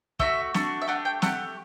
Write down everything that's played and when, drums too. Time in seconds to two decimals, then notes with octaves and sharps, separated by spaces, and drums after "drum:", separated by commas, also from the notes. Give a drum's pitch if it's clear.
0.19 A3 D4 F#4 E5, drum: kick
0.54 A3 D4 F#4, drum: snare
0.82 E5
0.87 A3 D4 G4 F#5
1.05 G5
1.22 A3 D4 G4 F#5, drum: snare